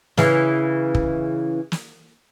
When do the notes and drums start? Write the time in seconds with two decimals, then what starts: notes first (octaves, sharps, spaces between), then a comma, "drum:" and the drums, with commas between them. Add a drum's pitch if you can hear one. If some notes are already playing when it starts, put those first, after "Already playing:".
0.18 C#3 E3, drum: snare
0.95 drum: kick
1.72 drum: snare